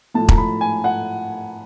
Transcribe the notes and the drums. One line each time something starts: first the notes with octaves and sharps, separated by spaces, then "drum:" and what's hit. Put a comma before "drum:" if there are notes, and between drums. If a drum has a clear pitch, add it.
A2 F3 A5
A#5, drum: kick E1
B5
G#5
F#5